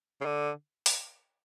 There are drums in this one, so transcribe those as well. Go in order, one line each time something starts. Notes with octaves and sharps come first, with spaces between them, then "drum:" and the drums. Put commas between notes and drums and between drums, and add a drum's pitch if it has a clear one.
C#3
D3
drum: open hi-hat